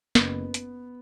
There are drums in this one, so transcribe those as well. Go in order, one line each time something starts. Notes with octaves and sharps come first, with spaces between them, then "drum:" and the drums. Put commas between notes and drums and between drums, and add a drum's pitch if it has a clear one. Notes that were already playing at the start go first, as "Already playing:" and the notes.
F#1 B3, drum: snare
drum: hi-hat